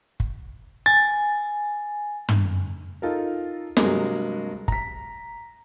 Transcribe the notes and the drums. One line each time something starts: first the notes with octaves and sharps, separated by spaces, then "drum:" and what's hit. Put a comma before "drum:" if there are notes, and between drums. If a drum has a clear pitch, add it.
drum: kick
G#5 A6
drum: tom
D#4 F4 A4 A#4
G2 C3 F#3 G#3 A#3, drum: snare
A#5 B6, drum: kick